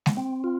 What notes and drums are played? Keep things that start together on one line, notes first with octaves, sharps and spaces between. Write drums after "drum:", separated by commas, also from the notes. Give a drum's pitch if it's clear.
drum: snare G#3
C4
F4